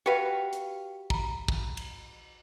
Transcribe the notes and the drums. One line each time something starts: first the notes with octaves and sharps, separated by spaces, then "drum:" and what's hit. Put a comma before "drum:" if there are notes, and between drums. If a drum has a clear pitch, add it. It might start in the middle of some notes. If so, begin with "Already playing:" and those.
F#4 G4 B4 F5 G5
drum: hi-hat
A#5 B5, drum: kick
drum: kick
drum: cymbal